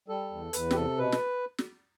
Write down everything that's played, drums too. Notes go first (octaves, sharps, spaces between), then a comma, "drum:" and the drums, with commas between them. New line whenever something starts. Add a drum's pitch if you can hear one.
G3 A4
E2
E2 B4, drum: hi-hat
G4, drum: snare
C3 A4
B2 B4
drum: snare
drum: snare